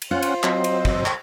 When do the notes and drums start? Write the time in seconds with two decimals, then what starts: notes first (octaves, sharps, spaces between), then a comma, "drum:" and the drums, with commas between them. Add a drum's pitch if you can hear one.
0.02 drum: cymbal
0.11 C#4 F4 C5 F#5
0.23 drum: cymbal
0.43 F#3 C4 D#5, drum: clap
0.64 drum: cymbal
0.85 drum: kick
1.06 drum: clap